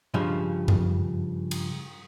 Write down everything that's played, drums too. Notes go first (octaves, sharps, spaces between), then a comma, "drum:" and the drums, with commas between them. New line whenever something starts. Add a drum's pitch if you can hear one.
G2 C#3 F3
drum: tom F#2
drum: cymbal